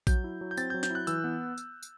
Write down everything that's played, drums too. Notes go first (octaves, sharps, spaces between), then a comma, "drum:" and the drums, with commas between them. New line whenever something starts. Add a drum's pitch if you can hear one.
F#3 G6, drum: kick A#1, tambourine
E4
F#3
G6
C4 A6, drum: tambourine
G6
F#3
G6, drum: snare
E4 F#6
E3 E6, drum: tambourine
B3
drum: tambourine
drum: tambourine